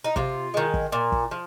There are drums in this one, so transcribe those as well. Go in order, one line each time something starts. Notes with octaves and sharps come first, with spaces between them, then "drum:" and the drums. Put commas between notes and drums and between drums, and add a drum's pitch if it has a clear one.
D#4
C3 F4, drum: kick
D#3 G#3
drum: kick
A#2
drum: kick
F3